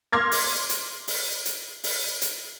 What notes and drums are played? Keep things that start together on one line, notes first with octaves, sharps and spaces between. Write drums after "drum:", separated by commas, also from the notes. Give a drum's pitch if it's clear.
C6 D6 F6 G#6 A#6
drum: open hi-hat
drum: hi-hat
drum: open hi-hat
drum: hi-hat
drum: open hi-hat
drum: hi-hat